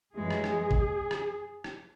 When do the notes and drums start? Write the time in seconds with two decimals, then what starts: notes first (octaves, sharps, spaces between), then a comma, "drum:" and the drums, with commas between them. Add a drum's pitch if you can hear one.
0.17 F#2 E3 G#3 G#4
0.31 drum: rim click
0.44 drum: rim click
0.71 drum: kick G#1
1.11 drum: rim click
1.64 drum: rim click